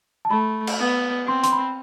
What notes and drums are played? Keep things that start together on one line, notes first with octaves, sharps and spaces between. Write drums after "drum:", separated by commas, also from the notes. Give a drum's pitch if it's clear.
A5
A3 B5
drum: cymbal
B3
C4 C6
C6, drum: hi-hat
B5